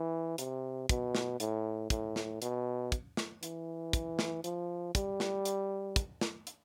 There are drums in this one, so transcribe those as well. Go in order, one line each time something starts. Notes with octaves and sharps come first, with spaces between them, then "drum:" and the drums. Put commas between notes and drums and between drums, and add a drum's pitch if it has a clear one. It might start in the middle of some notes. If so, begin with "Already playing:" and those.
Already playing: E3
C3, drum: hi-hat
B2, drum: kick, hi-hat
drum: snare
A2, drum: hi-hat
A2, drum: kick, hi-hat
drum: snare
B2, drum: hi-hat
drum: kick, hi-hat
drum: snare
E3, drum: hi-hat
drum: kick, hi-hat
drum: snare
F3, drum: hi-hat
G3, drum: kick, hi-hat
drum: snare
drum: hi-hat
drum: kick, hi-hat
drum: snare
drum: hi-hat